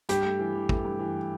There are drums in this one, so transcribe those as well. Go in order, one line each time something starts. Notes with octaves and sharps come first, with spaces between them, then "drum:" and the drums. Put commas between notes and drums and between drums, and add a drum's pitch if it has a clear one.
G2 G4, drum: hi-hat
A3
E3
E3
A3, drum: kick
G2
E3